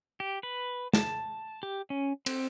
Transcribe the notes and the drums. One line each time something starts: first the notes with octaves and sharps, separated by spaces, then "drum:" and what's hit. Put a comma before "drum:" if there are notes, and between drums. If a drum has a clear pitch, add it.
G4
B4
A5, drum: snare
G4
C#4
C4, drum: cymbal